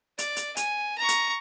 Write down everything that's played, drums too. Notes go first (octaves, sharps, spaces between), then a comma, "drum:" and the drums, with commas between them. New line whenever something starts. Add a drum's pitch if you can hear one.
D5, drum: hi-hat
drum: hi-hat
G#5, drum: hi-hat
A#5 C#6
drum: hi-hat